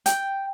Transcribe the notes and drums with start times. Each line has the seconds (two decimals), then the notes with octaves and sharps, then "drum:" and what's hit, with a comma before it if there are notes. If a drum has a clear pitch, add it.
0.06 G5, drum: hi-hat